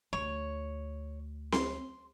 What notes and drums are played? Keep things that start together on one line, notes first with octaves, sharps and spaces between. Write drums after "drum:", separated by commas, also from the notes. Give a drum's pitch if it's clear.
D2 C#5
C6, drum: snare C4